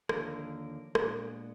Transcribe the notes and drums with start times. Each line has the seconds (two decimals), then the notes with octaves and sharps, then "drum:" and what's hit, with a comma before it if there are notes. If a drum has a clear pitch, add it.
0.09 D#2 D3 F3 A#4, drum: rim click
0.95 A#2 G#3 B3 D4, drum: rim click